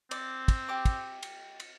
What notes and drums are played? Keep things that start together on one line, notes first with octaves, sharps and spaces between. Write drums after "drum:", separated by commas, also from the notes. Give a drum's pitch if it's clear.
C4 D5, drum: cymbal
drum: kick, cymbal
G4 D6
drum: kick, cymbal
drum: cymbal
drum: cymbal